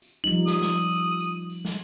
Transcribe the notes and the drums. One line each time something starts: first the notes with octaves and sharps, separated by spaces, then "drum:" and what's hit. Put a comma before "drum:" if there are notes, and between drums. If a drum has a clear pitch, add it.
drum: tambourine
F3 G3 D#4 F#7
D#6, drum: snare
drum: snare
drum: tambourine
drum: tambourine
drum: tambourine
drum: snare